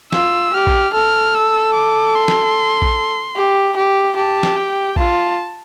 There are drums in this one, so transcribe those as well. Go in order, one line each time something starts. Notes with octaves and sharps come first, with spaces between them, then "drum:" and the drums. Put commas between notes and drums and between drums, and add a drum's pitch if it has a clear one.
F4 E6, drum: snare
G4 F6
drum: kick A#1
A4 F6
E6
D6
C6
drum: snare
drum: kick A#1
G4
G4
G4 A5
drum: snare
G5
F4 A5, drum: kick A#1